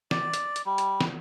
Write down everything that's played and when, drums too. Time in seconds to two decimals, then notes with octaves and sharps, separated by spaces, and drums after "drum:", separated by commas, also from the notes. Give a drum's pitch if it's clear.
0.11 D5, drum: snare
0.34 drum: hi-hat
0.56 drum: hi-hat
0.66 G3
0.78 drum: hi-hat
1.01 drum: snare